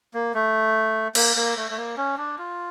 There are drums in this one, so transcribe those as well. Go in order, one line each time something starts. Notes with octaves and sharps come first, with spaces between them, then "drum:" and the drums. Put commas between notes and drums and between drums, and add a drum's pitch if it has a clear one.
A#3
A3
A#3, drum: cymbal
A#3
A3
A3
A#3
C#4
D4
F4